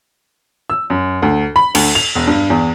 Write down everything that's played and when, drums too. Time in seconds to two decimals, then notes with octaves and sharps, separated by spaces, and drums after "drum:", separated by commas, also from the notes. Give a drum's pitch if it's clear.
0.70 E6
0.90 F#2
1.22 D2
1.56 B5
1.75 D2, drum: cymbal
1.95 F7
2.15 E1
2.27 G2
2.50 E2